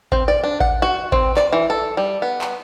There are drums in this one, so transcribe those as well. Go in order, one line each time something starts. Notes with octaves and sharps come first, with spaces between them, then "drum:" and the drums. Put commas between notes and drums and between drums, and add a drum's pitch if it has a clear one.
C4, drum: kick A1
D5
D4
F#5, drum: kick A1
F#4
C4, drum: kick A1
D5, drum: clap
E3
A4
G3
B3
drum: clap